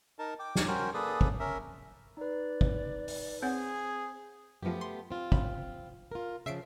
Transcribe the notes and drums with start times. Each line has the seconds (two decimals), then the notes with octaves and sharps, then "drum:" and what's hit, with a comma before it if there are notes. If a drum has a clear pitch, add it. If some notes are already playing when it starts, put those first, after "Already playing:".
0.19 D#4 A#4 A5
0.39 G5 D6
0.55 drum: snare
0.67 C#4 F#4 A#4 C5 G5
0.94 A#3 G#4 A4 B4 D5 D#6
1.21 drum: kick
1.39 C#4 A#4 E5
2.17 D#4 B4 D5
2.61 drum: kick
3.08 drum: open hi-hat
3.42 C4 G#4 C5 C#5 F#5
4.63 F#2 F3 A3 B3 G4
4.81 C6
5.11 C4 F4
5.32 B5, drum: kick
6.12 F4 A#4
6.46 C#3 F3 E5 C7 D7